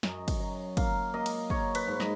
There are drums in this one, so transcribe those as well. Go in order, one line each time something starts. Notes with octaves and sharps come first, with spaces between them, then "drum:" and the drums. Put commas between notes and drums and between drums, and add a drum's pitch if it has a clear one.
F#2 D#5, drum: snare
drum: kick, cymbal
F#3
A#3 F5, drum: kick, cymbal
A#3 D#5
drum: cymbal
A#3 C#5, drum: kick
B4, drum: cymbal
G#2
D#5, drum: snare